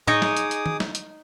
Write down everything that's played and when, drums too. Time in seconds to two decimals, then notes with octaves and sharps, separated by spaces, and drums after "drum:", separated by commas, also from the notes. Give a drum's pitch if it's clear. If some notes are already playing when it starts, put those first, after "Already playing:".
0.07 D#4 G#4 C#5 D#5 D6 D#6, drum: tom A2
0.22 drum: snare
0.37 drum: hi-hat
0.51 drum: hi-hat
0.66 drum: tom D#3
0.80 drum: snare
0.95 drum: hi-hat